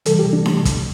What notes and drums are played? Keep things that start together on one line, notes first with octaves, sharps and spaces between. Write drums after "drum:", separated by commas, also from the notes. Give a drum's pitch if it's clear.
C3 E3 G3 A4, drum: hi-hat
G4
D4
drum: snare D4
drum: kick, hi-hat